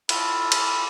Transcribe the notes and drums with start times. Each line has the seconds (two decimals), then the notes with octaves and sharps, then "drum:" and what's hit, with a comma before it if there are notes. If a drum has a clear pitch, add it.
0.09 E4 F4 A4, drum: cymbal
0.52 drum: cymbal